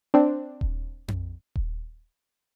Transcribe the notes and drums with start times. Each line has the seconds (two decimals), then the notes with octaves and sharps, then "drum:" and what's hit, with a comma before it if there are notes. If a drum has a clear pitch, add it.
0.14 C4 D4
0.61 drum: kick D#1
1.08 drum: tom F2
1.56 drum: kick D#1